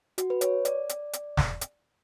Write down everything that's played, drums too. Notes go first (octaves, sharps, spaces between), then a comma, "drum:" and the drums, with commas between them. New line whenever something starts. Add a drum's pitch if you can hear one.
F#4, drum: hi-hat
B4
C#5, drum: hi-hat
D5, drum: hi-hat
drum: hi-hat
drum: hi-hat
drum: snare
drum: hi-hat